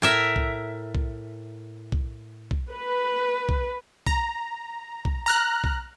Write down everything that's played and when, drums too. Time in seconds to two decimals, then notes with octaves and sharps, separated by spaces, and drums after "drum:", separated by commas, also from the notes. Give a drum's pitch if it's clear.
0.02 A2 A#4 E5
0.36 drum: kick
0.95 drum: kick
1.92 drum: kick
2.51 drum: kick
2.71 B4
3.49 drum: kick
4.06 A#5, drum: kick
5.05 drum: kick
5.26 A#5 F6 F#6
5.64 drum: kick